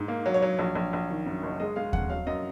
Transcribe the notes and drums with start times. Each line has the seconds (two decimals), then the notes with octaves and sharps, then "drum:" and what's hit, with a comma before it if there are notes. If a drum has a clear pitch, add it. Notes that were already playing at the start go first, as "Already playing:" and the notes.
Already playing: G#2
0.08 A#3
0.26 F#3
0.34 C#5
0.42 F#3
0.59 A#1
0.75 A#1
0.93 A#1
1.10 D#3
1.26 F#2
1.43 F#1
1.60 G#3 D#5
1.76 G#3 F5
1.93 F2 F#5, drum: kick D#2
2.10 F#3 F5
2.27 F#2 D#5